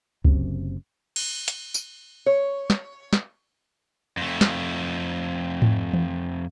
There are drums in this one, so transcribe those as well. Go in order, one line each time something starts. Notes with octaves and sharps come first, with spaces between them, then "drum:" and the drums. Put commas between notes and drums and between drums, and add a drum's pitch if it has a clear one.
F#1 F#2 C3, drum: kick C#2
drum: cymbal
drum: hi-hat
drum: tambourine
C#5
drum: snare
drum: snare
F2 A3
drum: snare
drum: tom G#2
drum: tom E3